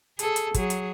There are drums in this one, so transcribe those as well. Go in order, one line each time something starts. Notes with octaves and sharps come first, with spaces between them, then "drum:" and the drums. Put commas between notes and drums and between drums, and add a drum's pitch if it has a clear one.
G#4 A4, drum: hi-hat
drum: hi-hat
F#3 G#4, drum: kick, hi-hat
drum: hi-hat